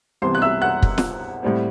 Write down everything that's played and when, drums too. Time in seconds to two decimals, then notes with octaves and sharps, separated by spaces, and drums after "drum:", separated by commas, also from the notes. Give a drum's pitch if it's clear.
0.22 C2 C3 E3 B3 C5 C6
0.35 F#6
0.42 E5 E6
0.62 F#5 F#6
0.82 drum: kick
0.98 drum: snare
1.43 A2 G3 C4